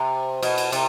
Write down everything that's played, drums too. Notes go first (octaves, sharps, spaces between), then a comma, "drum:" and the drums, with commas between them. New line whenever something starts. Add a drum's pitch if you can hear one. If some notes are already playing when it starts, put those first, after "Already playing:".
Already playing: C3
B2, drum: cymbal
drum: cymbal
C3, drum: cymbal